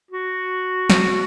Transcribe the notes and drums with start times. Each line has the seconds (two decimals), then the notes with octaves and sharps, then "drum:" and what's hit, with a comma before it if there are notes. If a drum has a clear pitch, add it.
0.11 F#4
0.90 drum: snare